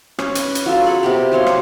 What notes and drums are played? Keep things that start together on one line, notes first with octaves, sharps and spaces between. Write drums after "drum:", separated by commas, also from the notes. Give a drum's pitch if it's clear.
C#4, drum: rim click
B4, drum: hi-hat
drum: hi-hat
F#3 F4 A4
G#4 B5 C#6
C3 B3 G4
F#3 C5 C#5 F5
drum: rim click